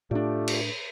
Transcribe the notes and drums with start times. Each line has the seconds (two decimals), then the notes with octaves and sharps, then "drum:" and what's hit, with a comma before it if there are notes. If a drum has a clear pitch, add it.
0.11 A2 A3 D4 F4 G4 D5
0.48 drum: cymbal